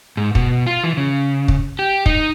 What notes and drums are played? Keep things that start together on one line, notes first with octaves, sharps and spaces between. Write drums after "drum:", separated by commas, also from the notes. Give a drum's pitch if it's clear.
G#2
B2, drum: kick
F4
E3
C#3
drum: kick
G4
D#4, drum: kick